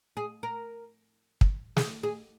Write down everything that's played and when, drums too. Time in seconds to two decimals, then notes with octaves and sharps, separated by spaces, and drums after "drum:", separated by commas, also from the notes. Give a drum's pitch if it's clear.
0.17 G#4
0.43 A#4
1.41 drum: kick
1.77 G#4, drum: snare
2.03 G#4